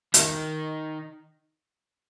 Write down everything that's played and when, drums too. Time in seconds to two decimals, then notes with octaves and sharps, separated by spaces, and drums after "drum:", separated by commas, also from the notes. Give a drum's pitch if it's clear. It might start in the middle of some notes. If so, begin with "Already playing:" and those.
0.14 D#3, drum: hi-hat